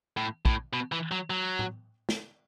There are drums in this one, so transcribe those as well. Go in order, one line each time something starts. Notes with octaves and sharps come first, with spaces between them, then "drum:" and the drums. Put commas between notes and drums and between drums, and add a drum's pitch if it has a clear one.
A2
A2, drum: kick
B2
E3
F#3
F#3
drum: tom A2
drum: snare